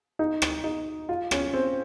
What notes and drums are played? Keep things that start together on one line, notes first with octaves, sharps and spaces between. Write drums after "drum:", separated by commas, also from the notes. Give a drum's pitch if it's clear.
D#4
drum: rim click
D#4
F4
C#4, drum: rim click
C4